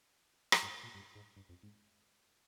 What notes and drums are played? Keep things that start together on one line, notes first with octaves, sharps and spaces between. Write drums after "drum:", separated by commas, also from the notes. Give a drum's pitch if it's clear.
F3, drum: rim click
G2
A#2
G2
G#2
G2
F2
G#2